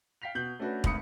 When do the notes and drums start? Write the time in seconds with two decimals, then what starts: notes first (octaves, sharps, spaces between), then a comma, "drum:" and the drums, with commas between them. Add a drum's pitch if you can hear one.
0.22 F5 G5 B6 C7 F7
0.35 B2 G6 F#7
0.59 A3 C#4 D4 F#4 A4 B4
0.84 G#1 D2 B5 D#6 C#7, drum: kick